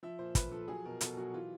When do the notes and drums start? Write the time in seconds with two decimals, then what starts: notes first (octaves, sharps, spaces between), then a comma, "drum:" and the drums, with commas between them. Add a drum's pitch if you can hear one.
0.03 F3 E5
0.19 A#2 C5
0.35 A#2 B4, drum: kick, hi-hat
0.51 F3 A4
0.68 F#3 G#4
0.85 B2 A#4
1.01 B2 A4, drum: hi-hat
1.17 F#3 F#4
1.34 E3 F4